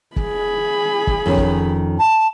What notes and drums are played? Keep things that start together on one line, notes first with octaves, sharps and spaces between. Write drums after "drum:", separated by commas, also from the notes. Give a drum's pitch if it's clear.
G#4 B5, drum: kick
drum: kick
F2 D#3 C#4
drum: kick
A5